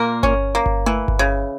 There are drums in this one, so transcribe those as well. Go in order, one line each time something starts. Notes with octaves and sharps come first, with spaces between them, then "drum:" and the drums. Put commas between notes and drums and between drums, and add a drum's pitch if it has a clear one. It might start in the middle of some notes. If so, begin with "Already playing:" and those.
Already playing: A#2 A#3 A#4
C#4, drum: kick G1
A#3
drum: kick G1
E3, drum: tom A3
drum: kick G1
C#3